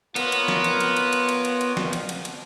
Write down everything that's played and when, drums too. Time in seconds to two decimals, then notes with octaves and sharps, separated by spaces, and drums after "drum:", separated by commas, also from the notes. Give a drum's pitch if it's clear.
0.16 B3 F4 A#4 C#5, drum: cymbal
0.32 drum: cymbal
0.48 drum: snare
0.64 drum: cymbal
0.80 drum: cymbal
0.97 drum: cymbal
1.13 drum: cymbal
1.29 drum: cymbal
1.45 drum: cymbal
1.61 drum: cymbal
1.77 drum: snare
1.93 drum: cymbal
2.09 drum: cymbal
2.25 drum: cymbal